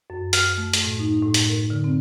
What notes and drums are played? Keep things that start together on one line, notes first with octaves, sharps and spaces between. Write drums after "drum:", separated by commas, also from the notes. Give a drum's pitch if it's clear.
F#2
F6, drum: hi-hat
A3
drum: hi-hat
A2
D#4
A2
drum: hi-hat
A#4
D3
C4